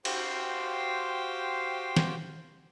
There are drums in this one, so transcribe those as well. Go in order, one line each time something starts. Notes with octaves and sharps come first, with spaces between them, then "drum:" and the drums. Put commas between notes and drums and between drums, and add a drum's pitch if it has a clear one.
F#4 G4 C5 F5 G5 C6, drum: cymbal
drum: snare